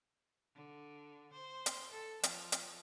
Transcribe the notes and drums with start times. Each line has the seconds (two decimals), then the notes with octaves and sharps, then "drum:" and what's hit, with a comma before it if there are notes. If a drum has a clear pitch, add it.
0.55 D3
1.33 C5
1.66 drum: hi-hat
1.92 A4
2.23 F3, drum: hi-hat
2.52 drum: hi-hat